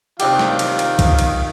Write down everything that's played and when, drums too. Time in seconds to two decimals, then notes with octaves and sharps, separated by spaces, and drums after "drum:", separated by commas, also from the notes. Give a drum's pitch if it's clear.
0.20 C3 D#3 D4 F4 G4 F5, drum: cymbal
0.39 drum: snare
0.59 drum: cymbal
0.79 drum: cymbal
0.99 drum: kick B1, cymbal
1.19 drum: cymbal